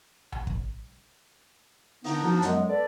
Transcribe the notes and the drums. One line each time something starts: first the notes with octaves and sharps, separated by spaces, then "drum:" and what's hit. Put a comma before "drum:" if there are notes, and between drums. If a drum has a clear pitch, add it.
drum: tom A#1
drum: kick
D3 B3 D4 D#4, drum: open hi-hat
F3 B3 D4 D#4 F#4
F#2 F#3 G#3 B3, drum: hi-hat
A4 B4 D5